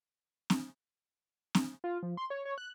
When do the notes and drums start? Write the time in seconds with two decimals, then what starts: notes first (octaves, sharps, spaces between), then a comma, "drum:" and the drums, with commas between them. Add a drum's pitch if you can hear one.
0.50 drum: snare C4
1.55 drum: snare C4
1.84 F4
2.03 F3
2.17 C6
2.30 C#5
2.45 C#5
2.58 F#6